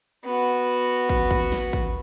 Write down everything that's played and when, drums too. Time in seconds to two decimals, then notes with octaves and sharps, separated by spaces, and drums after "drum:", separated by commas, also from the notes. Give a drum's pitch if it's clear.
0.24 B3 F#4
1.09 drum: kick
1.31 drum: kick
1.52 drum: snare
1.73 drum: kick